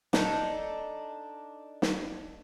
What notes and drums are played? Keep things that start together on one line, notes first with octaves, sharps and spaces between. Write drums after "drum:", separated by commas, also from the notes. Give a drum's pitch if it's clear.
D4 D#4 A4, drum: snare
drum: snare